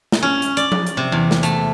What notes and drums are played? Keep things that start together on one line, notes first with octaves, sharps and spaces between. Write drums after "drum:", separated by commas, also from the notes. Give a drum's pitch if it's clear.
drum: snare
C#4
drum: hi-hat
D5, drum: hi-hat
drum: tom F3
drum: hi-hat
C3
E2
drum: snare
A3, drum: hi-hat